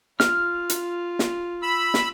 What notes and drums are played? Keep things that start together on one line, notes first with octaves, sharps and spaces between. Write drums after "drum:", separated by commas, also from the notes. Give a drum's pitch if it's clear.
F4 F6, drum: snare
drum: hi-hat
drum: snare
B5 E6
drum: snare